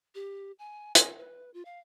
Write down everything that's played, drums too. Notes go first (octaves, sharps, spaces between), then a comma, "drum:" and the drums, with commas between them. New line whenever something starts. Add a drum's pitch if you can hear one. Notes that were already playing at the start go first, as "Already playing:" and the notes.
G4
G#5
G#5, drum: hi-hat
B4
F4
F5